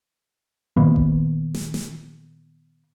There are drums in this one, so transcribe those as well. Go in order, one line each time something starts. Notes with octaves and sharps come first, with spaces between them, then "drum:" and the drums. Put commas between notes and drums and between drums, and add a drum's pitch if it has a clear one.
A#2 D#3 A#3 B3
drum: kick F#1
drum: snare
drum: snare